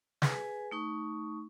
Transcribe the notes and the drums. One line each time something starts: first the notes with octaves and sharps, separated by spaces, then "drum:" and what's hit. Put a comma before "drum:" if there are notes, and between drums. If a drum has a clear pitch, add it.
G#4 B4 G#5, drum: snare
A3 D#4 C#6